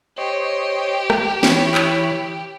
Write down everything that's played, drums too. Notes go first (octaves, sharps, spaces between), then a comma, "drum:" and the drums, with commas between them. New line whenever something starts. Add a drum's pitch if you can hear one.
G4 C5 C#5 D#5
drum: rim click
E3 C#5 B5, drum: snare
drum: clap